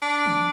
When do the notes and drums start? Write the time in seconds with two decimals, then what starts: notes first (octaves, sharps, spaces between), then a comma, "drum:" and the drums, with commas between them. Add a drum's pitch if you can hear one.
0.02 D4
0.26 drum: tom D3